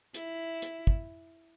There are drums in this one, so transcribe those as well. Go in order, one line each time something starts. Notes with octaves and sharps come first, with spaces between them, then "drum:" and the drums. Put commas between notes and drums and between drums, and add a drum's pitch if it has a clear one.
E4, drum: hi-hat
drum: hi-hat
drum: kick